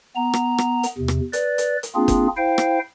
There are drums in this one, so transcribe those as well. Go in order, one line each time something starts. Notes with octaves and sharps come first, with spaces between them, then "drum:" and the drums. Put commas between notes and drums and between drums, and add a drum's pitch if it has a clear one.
B3 A#5
drum: rim click
drum: rim click
drum: hi-hat
E2 C3
drum: rim click
B4 D5, drum: hi-hat
drum: hi-hat
drum: hi-hat
A#3 C4 D4 F4 G#4
drum: kick F#1, hi-hat
E4 C5 F5 G5
drum: rim click